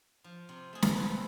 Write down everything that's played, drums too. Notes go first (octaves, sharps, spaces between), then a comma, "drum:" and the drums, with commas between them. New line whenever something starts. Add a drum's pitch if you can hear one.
F3
C3
A3 G#4
A4, drum: snare
A#4
C4 A4 B4